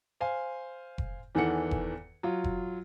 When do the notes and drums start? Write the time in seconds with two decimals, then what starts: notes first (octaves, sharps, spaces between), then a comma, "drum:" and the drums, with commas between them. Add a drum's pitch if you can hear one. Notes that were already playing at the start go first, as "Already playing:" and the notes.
0.21 C5 F5 G#5
0.98 drum: kick F1
1.35 E2 D#3 E3 A4 F#5 C#7
1.71 drum: kick F1
2.23 F#3 F4
2.44 drum: kick F1